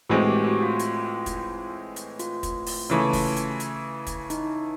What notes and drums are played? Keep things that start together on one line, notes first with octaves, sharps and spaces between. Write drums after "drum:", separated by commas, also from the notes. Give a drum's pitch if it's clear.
A2 E3 G#3 C4 F#4
G4
F#4
F4
drum: hi-hat
drum: kick, hi-hat
drum: hi-hat
F4, drum: hi-hat
drum: kick, hi-hat
drum: open hi-hat
C#3 E3 A3
drum: kick, open hi-hat
drum: hi-hat
drum: hi-hat
drum: kick, hi-hat
D#4, drum: hi-hat